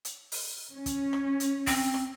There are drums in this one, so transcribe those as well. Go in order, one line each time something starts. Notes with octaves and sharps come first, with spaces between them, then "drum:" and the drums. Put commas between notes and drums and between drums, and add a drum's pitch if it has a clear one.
drum: hi-hat
drum: open hi-hat
C#4
drum: kick, hi-hat
drum: rim click
drum: hi-hat
C4, drum: kick, open hi-hat
drum: rim click